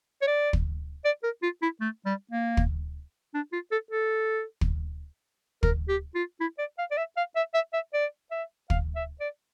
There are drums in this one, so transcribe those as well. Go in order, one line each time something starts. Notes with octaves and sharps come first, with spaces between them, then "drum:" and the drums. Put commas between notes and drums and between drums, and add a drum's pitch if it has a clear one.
C#5
D5
drum: kick
D5
A#4
F4
E4
A3
G3
A#3
drum: kick
D4
F4
A4
A4
drum: kick
A#4, drum: kick
G4
F4
E4
D5
F5
D5
E5
F5
E5
E5
E5
D5
E5
F5, drum: kick
E5
D5